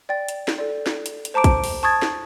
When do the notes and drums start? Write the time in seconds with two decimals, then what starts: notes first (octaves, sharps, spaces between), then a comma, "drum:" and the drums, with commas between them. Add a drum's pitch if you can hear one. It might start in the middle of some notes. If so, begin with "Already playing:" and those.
0.09 D5 G5 A6
0.29 drum: hi-hat
0.48 drum: snare
0.58 A4 D5
0.86 drum: snare
1.06 drum: hi-hat
1.25 drum: hi-hat
1.34 C5 A5 A#5 D6 D7
1.44 drum: kick, hi-hat
1.64 drum: open hi-hat
1.83 A5 C#6 D#6 G#6 A6
2.02 drum: snare